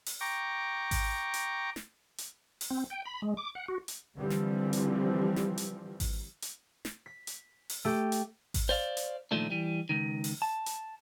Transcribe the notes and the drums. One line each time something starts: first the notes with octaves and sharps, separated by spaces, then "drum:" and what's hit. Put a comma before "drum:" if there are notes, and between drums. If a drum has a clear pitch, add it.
drum: open hi-hat
G5 A#5 C#6 D6
drum: kick G#1, open hi-hat
drum: hi-hat
drum: snare
drum: hi-hat
drum: open hi-hat
C4
G5
B5
G#3
D6
F#5
F#4
drum: hi-hat
D3 E3 F3 G3 C4
drum: snare
drum: hi-hat
drum: snare
drum: hi-hat
drum: kick G#1, open hi-hat
drum: hi-hat
drum: snare
B6
drum: hi-hat
drum: open hi-hat
A3 G4
drum: hi-hat
drum: kick G#1, open hi-hat
C5 D5 F5
drum: hi-hat
A#2 D#3 F3 A3 D4
E3 G3
C#2 D#3
drum: open hi-hat
A5
drum: hi-hat